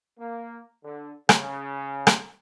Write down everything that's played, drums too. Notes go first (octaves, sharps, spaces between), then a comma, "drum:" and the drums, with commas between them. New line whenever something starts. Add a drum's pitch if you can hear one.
A#3
D3
C#3, drum: rim click
drum: rim click